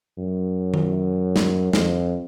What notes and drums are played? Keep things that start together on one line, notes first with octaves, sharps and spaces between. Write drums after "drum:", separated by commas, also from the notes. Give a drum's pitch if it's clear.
F#2
drum: tom D#3
drum: snare
F2, drum: snare